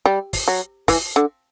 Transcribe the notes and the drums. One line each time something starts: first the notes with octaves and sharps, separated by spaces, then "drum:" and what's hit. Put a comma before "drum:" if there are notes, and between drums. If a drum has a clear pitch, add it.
G3
drum: kick, open hi-hat
F#3
E3, drum: kick, open hi-hat
D3